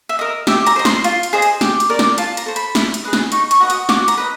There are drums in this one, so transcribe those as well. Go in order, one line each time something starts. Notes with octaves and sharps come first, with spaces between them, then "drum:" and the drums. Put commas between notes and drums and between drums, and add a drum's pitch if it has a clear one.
E5
A#4 D#5
G4 E5, drum: snare
A#5, drum: hi-hat
C5 D#5
C6, drum: snare
F4, drum: hi-hat
drum: hi-hat
G#4 C5 D#5
drum: hi-hat
G4, drum: snare
drum: hi-hat
A#4 D5
drum: snare
F4 A5, drum: hi-hat
A#5, drum: hi-hat
A4 C5
B5, drum: hi-hat
E4, drum: snare
drum: hi-hat
G#4 B4 D#5
drum: snare
D#4 C#6, drum: hi-hat
C#6, drum: hi-hat
F#4 B4 D#5
D#6, drum: hi-hat
F#4 D6, drum: snare
A#5, drum: hi-hat
B4 D#5